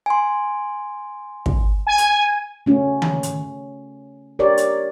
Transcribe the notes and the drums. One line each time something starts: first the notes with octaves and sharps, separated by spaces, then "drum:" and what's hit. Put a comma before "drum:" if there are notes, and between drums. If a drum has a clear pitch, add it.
G#5 C6
drum: kick
G#5
drum: hi-hat
A3 C#4 F#4
drum: tom D#3
drum: hi-hat
G4 A#4 C#5 D5
drum: hi-hat